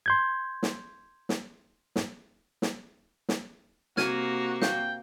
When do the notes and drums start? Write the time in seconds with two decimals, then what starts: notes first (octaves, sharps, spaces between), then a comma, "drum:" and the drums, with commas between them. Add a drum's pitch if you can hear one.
0.06 C6 G6 G#6
0.63 drum: snare
1.29 drum: snare
1.96 drum: snare
2.62 drum: snare
3.29 drum: snare
3.97 C3 A#3 F#4 F6 G#6 D#7, drum: snare
4.62 F5 G5, drum: snare